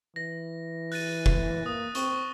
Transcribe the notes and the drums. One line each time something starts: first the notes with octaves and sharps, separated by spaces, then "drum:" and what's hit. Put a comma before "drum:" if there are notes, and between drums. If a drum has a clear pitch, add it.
E3 A#6
F#6 A6 D#7, drum: open hi-hat
drum: kick
A#3 D#6
C4 C#6 G7, drum: hi-hat